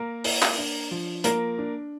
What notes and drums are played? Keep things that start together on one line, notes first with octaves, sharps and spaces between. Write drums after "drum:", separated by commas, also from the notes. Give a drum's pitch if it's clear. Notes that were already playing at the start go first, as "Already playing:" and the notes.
Already playing: A#3 A#4
E4, drum: open hi-hat
drum: clap
D4
F3
A#3 A#4, drum: hi-hat
D4